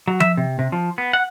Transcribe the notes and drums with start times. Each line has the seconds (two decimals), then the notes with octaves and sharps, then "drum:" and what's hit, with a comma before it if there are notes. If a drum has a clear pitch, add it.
0.08 F#3
0.20 E5, drum: tom F3
0.37 C3
0.59 C3
0.72 F3
0.98 B3
1.13 F#5